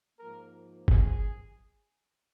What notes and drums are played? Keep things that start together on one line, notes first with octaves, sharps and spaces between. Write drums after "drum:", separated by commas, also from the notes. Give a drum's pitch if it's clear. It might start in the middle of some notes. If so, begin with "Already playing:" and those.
G#2 F3 A#3 A#4
G#4, drum: kick